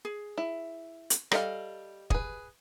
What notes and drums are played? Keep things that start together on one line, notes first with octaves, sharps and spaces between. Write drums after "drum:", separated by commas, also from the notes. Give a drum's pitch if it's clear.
G#4
E4
drum: hi-hat
G3 G4 A4 D#5 F5, drum: rim click
G#4 B4, drum: kick